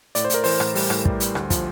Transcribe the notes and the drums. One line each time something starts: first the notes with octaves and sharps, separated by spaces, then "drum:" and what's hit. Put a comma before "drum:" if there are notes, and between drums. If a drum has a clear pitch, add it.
A2 D5, drum: hi-hat
C5
A2 A#4, drum: hi-hat
E3 C5, drum: open hi-hat
A2, drum: rim click
G3, drum: open hi-hat
A2, drum: rim click
G3, drum: kick
G3, drum: hi-hat
D2, drum: rim click
F3, drum: kick, hi-hat